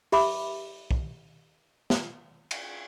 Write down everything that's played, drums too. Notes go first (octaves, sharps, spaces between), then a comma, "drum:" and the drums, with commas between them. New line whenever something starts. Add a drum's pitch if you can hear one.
G4 E5 B5 D6, drum: open hi-hat
drum: kick
drum: snare
drum: cymbal